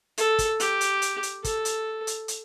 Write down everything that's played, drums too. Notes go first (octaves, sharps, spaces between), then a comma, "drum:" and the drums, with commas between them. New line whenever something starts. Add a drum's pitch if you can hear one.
A4, drum: hi-hat
drum: kick, hi-hat
G4, drum: hi-hat
drum: hi-hat
drum: hi-hat
drum: hi-hat
A4, drum: kick, hi-hat
drum: hi-hat
drum: hi-hat
drum: hi-hat